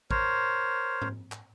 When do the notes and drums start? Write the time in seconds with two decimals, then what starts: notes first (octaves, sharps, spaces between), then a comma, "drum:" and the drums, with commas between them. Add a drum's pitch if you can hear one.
0.11 A#4 C5 C#5, drum: kick
1.02 drum: tom G#2
1.32 drum: clap